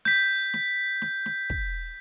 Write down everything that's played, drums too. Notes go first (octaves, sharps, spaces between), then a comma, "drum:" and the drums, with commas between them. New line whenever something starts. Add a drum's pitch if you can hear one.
G6 B6, drum: snare
drum: snare
drum: snare
drum: snare
drum: kick